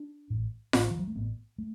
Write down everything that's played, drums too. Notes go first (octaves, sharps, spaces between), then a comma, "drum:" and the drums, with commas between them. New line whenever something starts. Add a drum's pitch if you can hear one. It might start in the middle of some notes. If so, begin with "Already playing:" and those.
Already playing: D4
A1 A2
A1 A2, drum: snare F4
E3
F#3
A3
A1 A2 B3
A3